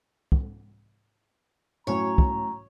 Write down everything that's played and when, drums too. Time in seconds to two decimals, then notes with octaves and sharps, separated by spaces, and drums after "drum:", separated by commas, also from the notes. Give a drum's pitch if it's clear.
0.32 drum: kick
1.87 A2 F#3 C#4 C#5 A#5
2.18 drum: kick